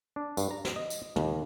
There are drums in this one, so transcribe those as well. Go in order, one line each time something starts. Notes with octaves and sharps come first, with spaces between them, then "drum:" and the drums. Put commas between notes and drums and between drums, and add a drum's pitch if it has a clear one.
D4
G2, drum: tambourine
A#5
drum: snare
D#5
drum: tambourine
D#2, drum: tom